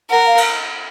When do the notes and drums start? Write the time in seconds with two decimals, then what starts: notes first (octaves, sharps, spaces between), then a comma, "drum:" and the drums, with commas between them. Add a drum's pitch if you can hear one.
0.10 A#4 F#5
0.26 F5
0.38 drum: cymbal